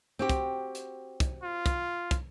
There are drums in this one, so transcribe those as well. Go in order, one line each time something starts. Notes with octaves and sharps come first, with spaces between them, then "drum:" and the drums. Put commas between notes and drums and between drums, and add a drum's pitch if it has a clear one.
C4 F#4 G4
drum: kick, hi-hat
drum: hi-hat
drum: kick, hi-hat
F4
drum: kick, hi-hat
drum: kick, hi-hat